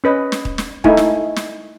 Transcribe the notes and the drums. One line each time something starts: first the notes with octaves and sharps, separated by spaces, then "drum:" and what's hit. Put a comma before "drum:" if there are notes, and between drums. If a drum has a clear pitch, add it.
C#4 B4 D#5
drum: snare
drum: kick D#1
drum: snare
A3 D#4 E4 G#5, drum: kick D#1
drum: snare
drum: snare